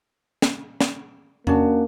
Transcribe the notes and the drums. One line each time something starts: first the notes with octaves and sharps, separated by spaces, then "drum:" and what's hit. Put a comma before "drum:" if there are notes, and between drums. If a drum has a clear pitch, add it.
drum: snare
drum: snare
A#3 C#4 D4 F#4, drum: tom E2